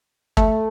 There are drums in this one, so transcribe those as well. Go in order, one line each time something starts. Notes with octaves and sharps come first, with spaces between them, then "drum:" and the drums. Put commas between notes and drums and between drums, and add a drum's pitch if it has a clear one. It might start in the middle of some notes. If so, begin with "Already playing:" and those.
A3, drum: kick